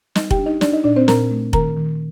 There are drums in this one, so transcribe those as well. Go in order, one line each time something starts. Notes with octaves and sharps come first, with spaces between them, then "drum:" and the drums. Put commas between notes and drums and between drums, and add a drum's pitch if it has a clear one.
G3 D#4 D#5, drum: snare
G4 G5, drum: kick F1
D4
D#4 D#5
D4 D#4 D5, drum: snare
D#4 D#5
A#2 D4 D5
C4 C5
A#2 A#4 A#5, drum: snare
A3
D#3 A#4 A#5, drum: kick F1
D#3